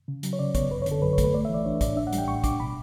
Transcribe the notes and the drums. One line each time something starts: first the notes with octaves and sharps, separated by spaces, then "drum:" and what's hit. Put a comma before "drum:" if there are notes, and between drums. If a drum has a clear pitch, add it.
C#3
F#3, drum: hi-hat
C#5
C#3 D5
B3 C#5, drum: kick, hi-hat
F#2 B4
C#5
D3, drum: hi-hat
A4
F#2 B4
C#5
A3, drum: kick, hi-hat
B4
A3 D5
E5
E3
D5
D4 C#5
A2 D5, drum: kick, hi-hat
D4 E5
F#5
G3, drum: hi-hat
G5
A2 C#6
D4 D6, drum: kick, hi-hat
B2 B5